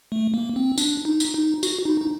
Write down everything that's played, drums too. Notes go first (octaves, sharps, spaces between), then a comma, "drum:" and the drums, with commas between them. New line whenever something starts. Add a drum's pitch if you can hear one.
A3
A#3
C4
D4, drum: tambourine
D#4
drum: tambourine
D#4
F#4, drum: tambourine
D#4
D#4